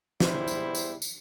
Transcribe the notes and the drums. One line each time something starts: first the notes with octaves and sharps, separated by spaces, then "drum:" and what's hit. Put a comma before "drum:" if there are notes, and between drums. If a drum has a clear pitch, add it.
E2 G3 E4 C5, drum: snare
drum: tambourine
drum: tambourine
drum: tambourine